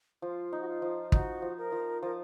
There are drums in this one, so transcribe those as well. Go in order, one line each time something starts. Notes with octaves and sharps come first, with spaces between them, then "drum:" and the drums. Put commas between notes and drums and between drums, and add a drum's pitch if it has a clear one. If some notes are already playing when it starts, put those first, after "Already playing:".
F3 F4
D#4
F#4
F4
F3
D#4 F#4, drum: kick
F3
A#4
F3
F3 A#4